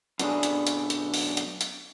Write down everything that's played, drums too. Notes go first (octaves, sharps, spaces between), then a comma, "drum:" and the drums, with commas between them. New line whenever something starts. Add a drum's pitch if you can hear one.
F#2 B2 D3 D4 G#4, drum: hi-hat
drum: hi-hat
drum: hi-hat
drum: hi-hat
drum: open hi-hat
drum: hi-hat
drum: hi-hat